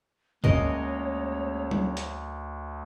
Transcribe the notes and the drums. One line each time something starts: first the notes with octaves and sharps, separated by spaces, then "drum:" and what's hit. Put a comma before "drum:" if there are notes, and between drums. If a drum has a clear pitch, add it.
D2 G#3 A#3 C#4 A#4 C#5 D#5, drum: kick D2
drum: tom
drum: hi-hat